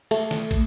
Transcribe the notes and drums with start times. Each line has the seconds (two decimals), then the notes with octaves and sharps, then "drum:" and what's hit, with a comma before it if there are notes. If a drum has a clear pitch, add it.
0.11 A3, drum: cymbal
0.31 drum: snare
0.51 drum: kick, cymbal